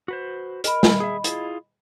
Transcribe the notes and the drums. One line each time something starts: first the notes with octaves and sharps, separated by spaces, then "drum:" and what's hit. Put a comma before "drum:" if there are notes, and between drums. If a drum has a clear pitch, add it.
F#4 B4 C5
A#4 D#5 B5, drum: hi-hat
drum: snare
G#4 E5
E4 F4 G#4, drum: hi-hat